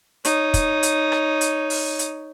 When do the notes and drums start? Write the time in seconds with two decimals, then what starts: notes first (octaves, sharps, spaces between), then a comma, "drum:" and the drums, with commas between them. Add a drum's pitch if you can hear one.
0.25 D#4 C#5, drum: hi-hat
0.54 drum: kick, hi-hat
0.83 drum: hi-hat
1.12 drum: rim click
1.41 drum: hi-hat
1.70 drum: open hi-hat
1.99 drum: hi-hat